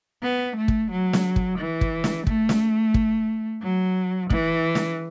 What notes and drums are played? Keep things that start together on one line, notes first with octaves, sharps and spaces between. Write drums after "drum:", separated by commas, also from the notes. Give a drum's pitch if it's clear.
B3
A3
drum: kick
F#3
drum: snare
drum: kick
E3
drum: kick
drum: snare
A3, drum: kick
drum: snare
drum: kick
F#3
E3, drum: kick
drum: snare